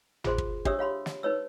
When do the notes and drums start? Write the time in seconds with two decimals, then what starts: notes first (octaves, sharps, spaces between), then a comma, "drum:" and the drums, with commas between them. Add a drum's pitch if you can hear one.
0.24 F4 G#4 C5 C6, drum: tom
0.38 drum: kick
0.65 D4 G4 C#5 E5 D#6 E6, drum: kick
0.79 C#5 F5 B5 C6
1.06 drum: snare
1.23 D#4 B4 C#5 E6